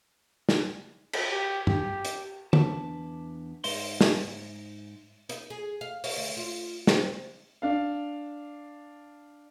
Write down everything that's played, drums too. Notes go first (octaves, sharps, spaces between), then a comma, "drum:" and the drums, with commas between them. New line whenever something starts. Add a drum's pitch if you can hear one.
drum: snare
drum: cymbal
G4
G4, drum: tom
drum: hi-hat
E2 D4 B4 A5, drum: tom
G#2 D#4 C5 C6, drum: open hi-hat
drum: snare
D#4, drum: hi-hat
G#4
F5
C#5, drum: open hi-hat
D2
F4
C4, drum: snare
D4 F5